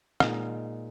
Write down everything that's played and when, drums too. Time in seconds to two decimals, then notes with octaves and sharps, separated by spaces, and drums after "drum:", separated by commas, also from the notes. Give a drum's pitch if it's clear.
0.20 A#2 G#3 D#4, drum: rim click